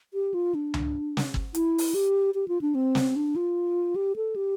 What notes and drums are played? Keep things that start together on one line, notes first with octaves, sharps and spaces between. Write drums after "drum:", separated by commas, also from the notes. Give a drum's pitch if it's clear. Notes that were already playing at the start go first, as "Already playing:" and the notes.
G4
F4
D4
drum: tom C#2
drum: snare
drum: kick
E4, drum: hi-hat
drum: open hi-hat
G4
G4
F4
D4
C4
drum: snare
D4
F4
G4
A4
G4